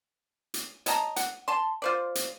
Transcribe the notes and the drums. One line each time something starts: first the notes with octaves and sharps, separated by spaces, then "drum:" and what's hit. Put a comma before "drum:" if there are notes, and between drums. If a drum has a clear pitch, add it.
drum: hi-hat
C#5 D#5 A5 A#5, drum: hi-hat
F#5, drum: hi-hat
A5 C6
F4 C5 D5
drum: hi-hat